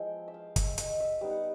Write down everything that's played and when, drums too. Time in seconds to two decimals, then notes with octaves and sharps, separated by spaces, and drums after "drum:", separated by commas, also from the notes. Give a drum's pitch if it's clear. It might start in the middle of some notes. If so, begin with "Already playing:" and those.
Already playing: F3 G#3 B3 E4 G5
0.28 E5
0.34 F5
0.56 E5, drum: kick, hi-hat
0.78 D#5, drum: hi-hat
1.00 E5
1.21 G3 B3 D#4 F5
1.30 F#5